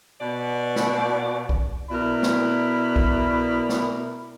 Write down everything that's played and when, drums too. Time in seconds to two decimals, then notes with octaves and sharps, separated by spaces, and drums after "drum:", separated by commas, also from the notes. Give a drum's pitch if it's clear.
0.21 B2 D5
0.76 drum: snare
1.49 drum: kick
1.91 B2 E4 A#4 D5 B5
2.23 drum: snare
2.96 drum: kick
3.69 drum: snare